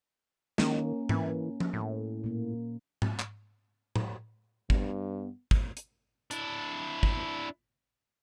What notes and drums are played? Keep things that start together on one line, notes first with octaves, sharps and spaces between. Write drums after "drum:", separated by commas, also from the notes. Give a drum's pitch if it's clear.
D#3 A#3 C#4, drum: snare
E3, drum: tom G#2
drum: tom F3
A2
A#2 A#3
drum: tom G#2
drum: clap
drum: tom A2
G2 B3, drum: kick
drum: kick
drum: hi-hat
D4 E4, drum: hi-hat
drum: kick